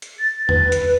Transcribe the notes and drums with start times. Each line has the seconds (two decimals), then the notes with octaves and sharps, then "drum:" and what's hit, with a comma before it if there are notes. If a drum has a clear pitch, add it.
0.02 drum: hi-hat
0.20 A6
0.49 B4, drum: tom E2
0.72 drum: hi-hat